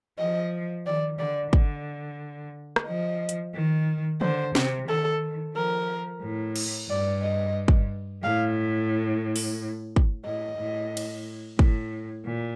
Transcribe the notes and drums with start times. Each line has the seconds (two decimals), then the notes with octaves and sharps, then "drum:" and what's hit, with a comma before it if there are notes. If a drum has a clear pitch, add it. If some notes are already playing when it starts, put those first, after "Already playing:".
0.19 F3 D#5
0.86 D#3 D5
1.19 D3 D5
1.53 D3, drum: kick
2.76 drum: rim click
2.87 F3 D#5
3.29 drum: hi-hat
3.54 D#3
4.21 D3 C5, drum: tom
4.55 C3, drum: snare
4.88 D#3 A4
5.55 F3 A#4
6.22 A2
6.56 drum: cymbal
6.89 G2 D5
7.22 D#5
7.68 drum: kick
8.23 A2 F5
9.36 drum: open hi-hat
9.96 drum: kick
10.25 A2 D#5
10.58 A2
10.97 drum: cymbal
11.59 A2, drum: kick
12.25 A#2